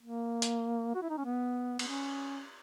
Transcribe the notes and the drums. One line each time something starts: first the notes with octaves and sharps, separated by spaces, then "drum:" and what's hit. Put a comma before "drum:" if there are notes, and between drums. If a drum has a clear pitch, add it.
A#3
drum: hi-hat
F#4
E4
D#4
C#4
B3
B3, drum: cymbal
C#4